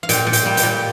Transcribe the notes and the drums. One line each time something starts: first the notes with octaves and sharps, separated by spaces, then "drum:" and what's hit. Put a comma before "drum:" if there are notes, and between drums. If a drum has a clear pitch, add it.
F5
A#2 G5, drum: hi-hat
A#2
G5, drum: hi-hat
G3
G5, drum: hi-hat
A#2